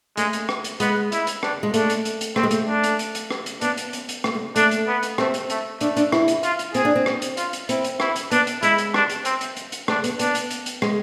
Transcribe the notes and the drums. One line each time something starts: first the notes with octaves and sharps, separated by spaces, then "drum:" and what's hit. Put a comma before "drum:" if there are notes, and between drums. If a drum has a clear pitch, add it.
G#3 A3, drum: hi-hat
drum: hi-hat
drum: rim click
drum: hi-hat
G#3 B3, drum: hi-hat
E4, drum: hi-hat
drum: hi-hat
D4, drum: rim click
G#3
A3 D4, drum: hi-hat
drum: hi-hat
drum: hi-hat
drum: hi-hat
A3 C4, drum: rim click
G#3
A3, drum: hi-hat
D4
drum: hi-hat
drum: hi-hat
drum: hi-hat
drum: rim click
drum: hi-hat
B3 D4, drum: hi-hat
drum: hi-hat
drum: hi-hat
drum: hi-hat
A3, drum: rim click
G#3
A3 D4, drum: hi-hat
drum: hi-hat
B3
drum: hi-hat
A3 C4, drum: rim click
drum: hi-hat
A3, drum: hi-hat
A3 D4, drum: hi-hat
D4, drum: hi-hat
E4, drum: rim click
drum: hi-hat
F4, drum: hi-hat
drum: hi-hat
C4 G#4, drum: hi-hat
D4
C4
drum: rim click
drum: hi-hat
F4, drum: hi-hat
drum: hi-hat
C4 E4, drum: hi-hat
drum: hi-hat
E4, drum: rim click
drum: hi-hat
B3 D4, drum: hi-hat
drum: hi-hat
G#3 E4, drum: hi-hat
drum: hi-hat
D4, drum: rim click
drum: hi-hat
C4, drum: hi-hat
drum: hi-hat
drum: hi-hat
drum: hi-hat
A3 D4, drum: rim click
B3, drum: hi-hat
B3 D4, drum: hi-hat
drum: hi-hat
drum: hi-hat
drum: hi-hat
G#3, drum: rim click